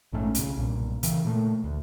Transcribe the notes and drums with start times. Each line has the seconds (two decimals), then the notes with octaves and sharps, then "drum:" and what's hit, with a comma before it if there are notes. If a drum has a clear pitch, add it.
0.12 A#1 G#2 A3 C#4
0.35 B1 C#3, drum: hi-hat
0.57 B1 G2 A#2
1.03 C#3 E3, drum: hi-hat
1.25 A#2 A3
1.64 D2